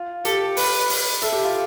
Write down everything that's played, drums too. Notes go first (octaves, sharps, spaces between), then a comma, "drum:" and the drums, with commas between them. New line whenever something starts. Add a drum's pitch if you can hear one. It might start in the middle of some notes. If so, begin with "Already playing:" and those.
Already playing: F4
G4 A4, drum: hi-hat
B4, drum: open hi-hat
drum: open hi-hat
A4 E5, drum: hi-hat
G4
F4